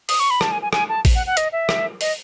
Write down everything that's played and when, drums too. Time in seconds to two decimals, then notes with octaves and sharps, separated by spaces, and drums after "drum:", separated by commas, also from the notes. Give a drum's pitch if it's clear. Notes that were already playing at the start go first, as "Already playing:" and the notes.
0.09 D#6, drum: open hi-hat
0.20 C#6
0.30 B5
0.41 A5, drum: rim click
0.52 G#5
0.62 G#5
0.73 G#5, drum: rim click
0.89 A5
1.05 drum: kick A1, open hi-hat
1.15 F#5
1.26 F#5
1.37 D#5, drum: hi-hat
1.52 E5
1.69 drum: rim click
2.01 D#5, drum: open hi-hat